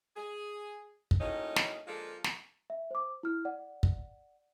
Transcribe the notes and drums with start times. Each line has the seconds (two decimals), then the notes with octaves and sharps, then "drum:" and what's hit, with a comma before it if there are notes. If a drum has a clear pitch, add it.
0.16 G#4
1.11 drum: kick
1.20 A2 F#3 A#3 C#4 D#4 D#5
1.56 drum: snare
1.87 F3 G#3 A#3 D4 F4 A4
2.24 drum: snare
2.70 E5
2.91 C5 D6
3.23 E4 F6
3.45 D5 F#5
3.83 drum: kick